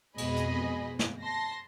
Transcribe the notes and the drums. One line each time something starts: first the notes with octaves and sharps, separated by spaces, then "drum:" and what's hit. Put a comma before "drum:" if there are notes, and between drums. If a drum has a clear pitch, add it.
F2 B2 G#3 G#4 D#5 B5, drum: cymbal
drum: hi-hat
drum: snare
A5 C6 A#6